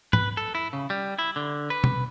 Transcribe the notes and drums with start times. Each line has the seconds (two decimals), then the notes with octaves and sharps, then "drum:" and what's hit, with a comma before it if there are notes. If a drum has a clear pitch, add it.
0.13 B4, drum: tom
0.37 A4
0.55 E4
0.73 C#3
0.90 G3
1.19 E4
1.36 D3
1.70 B4
1.84 drum: tom B2